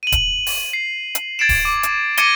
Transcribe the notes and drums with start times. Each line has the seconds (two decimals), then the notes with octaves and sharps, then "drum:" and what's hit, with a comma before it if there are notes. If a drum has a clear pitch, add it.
0.03 D#7 F#7
0.12 drum: kick D1, hi-hat
0.47 drum: open hi-hat
0.73 C7
1.15 drum: hi-hat
1.39 G#6 A6 C7 D7 E7
1.49 drum: kick D1, open hi-hat
1.65 D6
1.83 drum: hi-hat
2.17 D6 G#6 A#6 C#7 D#7 G7, drum: hi-hat